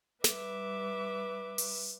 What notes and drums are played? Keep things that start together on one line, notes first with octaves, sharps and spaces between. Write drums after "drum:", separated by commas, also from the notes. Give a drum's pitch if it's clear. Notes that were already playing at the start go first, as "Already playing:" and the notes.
G3 B4 E5 D6, drum: snare
drum: open hi-hat